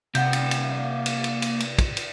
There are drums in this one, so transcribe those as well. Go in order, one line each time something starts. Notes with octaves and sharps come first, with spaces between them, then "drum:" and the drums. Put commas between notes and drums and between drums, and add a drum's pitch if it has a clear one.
C3 A#3 F#5 G6, drum: cymbal
drum: cymbal
drum: cymbal
drum: cymbal
drum: cymbal
drum: cymbal
drum: cymbal
drum: kick, cymbal
drum: cymbal